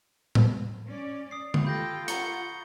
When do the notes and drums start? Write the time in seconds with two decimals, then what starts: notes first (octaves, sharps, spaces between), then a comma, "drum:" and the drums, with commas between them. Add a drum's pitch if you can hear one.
0.35 drum: tom A2
0.86 C#4 D5
1.31 D#6 C7
1.54 drum: tom D3
1.65 F4 G4 A4 G5 B5 G6 A#6
2.08 F#5 A#5 C#6 C#7 G7, drum: hi-hat